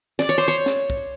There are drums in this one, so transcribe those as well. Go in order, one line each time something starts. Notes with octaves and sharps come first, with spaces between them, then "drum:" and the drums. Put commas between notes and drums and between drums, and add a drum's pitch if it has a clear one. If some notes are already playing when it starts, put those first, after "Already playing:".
D5, drum: snare
C#5
C5
C#5
drum: snare
drum: kick